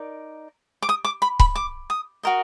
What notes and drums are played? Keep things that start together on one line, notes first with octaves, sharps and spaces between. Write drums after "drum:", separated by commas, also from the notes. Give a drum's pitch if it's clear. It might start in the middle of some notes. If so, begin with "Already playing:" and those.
Already playing: D#4 A#4 D5
D6
D#6
D6
B5
B5, drum: kick C#1
D6
D#6
F#4 A#4 D#5